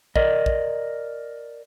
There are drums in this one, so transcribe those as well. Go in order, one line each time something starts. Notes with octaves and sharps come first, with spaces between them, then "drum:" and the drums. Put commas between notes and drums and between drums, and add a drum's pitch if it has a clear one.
A#4 D5 D#5, drum: kick
drum: kick